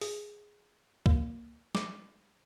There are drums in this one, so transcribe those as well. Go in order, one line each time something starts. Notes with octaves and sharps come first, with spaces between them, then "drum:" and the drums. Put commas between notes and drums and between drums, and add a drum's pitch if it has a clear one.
G#4, drum: open hi-hat
A#3, drum: kick C#2
D6, drum: snare